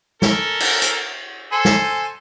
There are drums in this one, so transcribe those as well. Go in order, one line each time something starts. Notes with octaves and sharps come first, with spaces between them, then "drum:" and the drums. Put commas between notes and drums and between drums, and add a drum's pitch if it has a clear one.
C#4 A4 A#4, drum: snare
drum: cymbal
drum: hi-hat
A4 C5 G#5
drum: snare